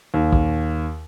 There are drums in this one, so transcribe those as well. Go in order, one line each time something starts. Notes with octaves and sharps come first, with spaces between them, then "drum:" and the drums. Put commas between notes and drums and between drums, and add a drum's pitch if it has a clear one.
D#2
drum: kick